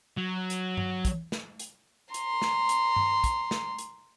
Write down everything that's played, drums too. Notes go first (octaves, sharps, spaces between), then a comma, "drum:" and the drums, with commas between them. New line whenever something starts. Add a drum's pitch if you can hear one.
F#3
drum: hi-hat
drum: tom G2
drum: kick, hi-hat
drum: snare
drum: hi-hat
A#5 C6, drum: hi-hat
drum: snare
drum: hi-hat
drum: tom G2
drum: kick, hi-hat
drum: snare
drum: hi-hat